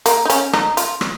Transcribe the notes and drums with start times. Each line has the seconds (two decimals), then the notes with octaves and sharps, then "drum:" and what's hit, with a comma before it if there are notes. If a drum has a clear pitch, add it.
0.06 A#3, drum: hi-hat
0.25 D#4
0.30 C#4, drum: hi-hat
0.53 D#4, drum: rim click
0.77 F4, drum: hi-hat
1.01 drum: rim click